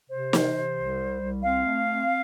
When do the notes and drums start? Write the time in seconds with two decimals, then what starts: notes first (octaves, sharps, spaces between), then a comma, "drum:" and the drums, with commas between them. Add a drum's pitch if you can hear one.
0.11 C3 C5
0.33 E3, drum: snare
0.55 C3
0.78 C2
1.00 G3
1.21 C2
1.44 C4 F5
1.66 A3
1.88 C4